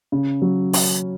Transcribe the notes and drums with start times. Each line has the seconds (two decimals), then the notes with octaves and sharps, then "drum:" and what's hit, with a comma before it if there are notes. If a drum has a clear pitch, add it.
0.12 C#3
0.42 F#3
0.73 C#4, drum: open hi-hat